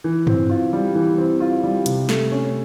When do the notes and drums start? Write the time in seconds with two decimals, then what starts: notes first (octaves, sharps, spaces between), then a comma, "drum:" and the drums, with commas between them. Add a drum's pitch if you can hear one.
0.04 E3
0.27 C4, drum: tom G2
0.50 F4
0.73 G3
0.95 E3
1.18 C4
1.40 F4
1.63 G3
1.86 C3, drum: hi-hat
2.09 A3, drum: snare
2.31 C#4